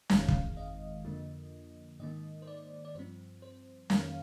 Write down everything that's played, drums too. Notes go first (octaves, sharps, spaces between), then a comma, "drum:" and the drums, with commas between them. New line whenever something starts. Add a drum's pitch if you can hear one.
G1 F2 D#3 G#3 C4 F5, drum: snare
drum: kick
D#5
F2 D3 F3 A#3
G#2 D#3 A#3 D#5
C5
D5
D5
G2 F3 C4 C5
C5
F2 D#3 A#3 F5, drum: snare